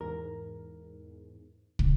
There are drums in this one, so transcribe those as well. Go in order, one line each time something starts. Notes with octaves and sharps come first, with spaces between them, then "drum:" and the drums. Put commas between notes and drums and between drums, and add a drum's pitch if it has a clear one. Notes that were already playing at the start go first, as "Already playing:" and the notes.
E2 G#2 A#4
drum: kick